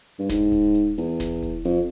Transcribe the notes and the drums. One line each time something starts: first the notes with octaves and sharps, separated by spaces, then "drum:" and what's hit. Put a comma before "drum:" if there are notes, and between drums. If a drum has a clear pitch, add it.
G2
G#2, drum: snare E1
drum: kick D#1, hi-hat
drum: hi-hat
E2, drum: hi-hat
drum: snare E1
drum: kick D#1, hi-hat
F2, drum: hi-hat